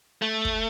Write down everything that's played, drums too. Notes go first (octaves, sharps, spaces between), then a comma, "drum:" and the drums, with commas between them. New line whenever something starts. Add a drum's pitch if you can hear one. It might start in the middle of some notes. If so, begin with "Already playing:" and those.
A3
drum: kick